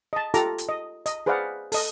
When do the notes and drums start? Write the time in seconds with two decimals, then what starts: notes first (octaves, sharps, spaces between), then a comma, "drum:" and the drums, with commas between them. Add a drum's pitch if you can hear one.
0.13 D#5 A5
0.34 F4 G4 A4 A#5 D6, drum: hi-hat
0.58 drum: hi-hat
0.69 D#5
1.06 D#5, drum: hi-hat
1.26 G#4 B4 C5 D5 F5 F#5
1.72 A4 D#5, drum: open hi-hat